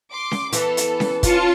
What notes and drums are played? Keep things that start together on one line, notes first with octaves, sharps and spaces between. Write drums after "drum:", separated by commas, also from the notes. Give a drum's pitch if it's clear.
C6 D6
drum: snare C#4
E3 B3 A4, drum: hi-hat
drum: hi-hat
drum: snare C#4
C#4 F4 A5 C#7, drum: kick, hi-hat